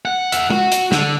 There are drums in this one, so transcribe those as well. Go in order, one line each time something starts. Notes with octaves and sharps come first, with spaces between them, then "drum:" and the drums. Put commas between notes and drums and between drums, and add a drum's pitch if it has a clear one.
F#5
E5 F#5, drum: hi-hat
F#4, drum: tom
drum: hi-hat
D3, drum: snare